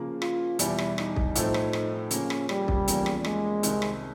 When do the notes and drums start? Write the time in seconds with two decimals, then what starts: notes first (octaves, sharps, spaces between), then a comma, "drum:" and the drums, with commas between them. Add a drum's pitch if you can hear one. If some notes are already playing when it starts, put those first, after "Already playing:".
Already playing: C#3 F3 A#3
0.22 F4, drum: rim click
0.59 E2 B2 G3 E4, drum: hi-hat
0.78 drum: rim click
0.98 D#4, drum: rim click
1.16 drum: kick
1.35 A2 F3 A3 C4, drum: hi-hat
1.54 drum: rim click
1.73 drum: rim click
2.11 C#3 F3 A#3 C#4, drum: hi-hat
2.30 drum: rim click
2.49 G3, drum: rim click
2.68 drum: kick
2.88 E2 C#3 F3 A#3, drum: hi-hat
3.06 drum: rim click
3.24 G#3, drum: rim click
3.63 C2 C3 D#3, drum: hi-hat
3.82 drum: rim click